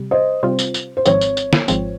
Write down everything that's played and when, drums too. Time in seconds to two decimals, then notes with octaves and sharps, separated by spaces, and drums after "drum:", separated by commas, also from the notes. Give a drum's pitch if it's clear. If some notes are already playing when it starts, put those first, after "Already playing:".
Already playing: C3 G3
0.11 C5 D#5
0.43 C3 G3 C4 F4 C5
0.59 drum: tambourine
0.74 drum: tambourine
0.97 C5
1.06 G#1 G#2 F3 C4 C#5, drum: tambourine
1.21 drum: tambourine
1.37 drum: tambourine
1.53 drum: snare
1.68 G#1 G#2 F3 C4, drum: tambourine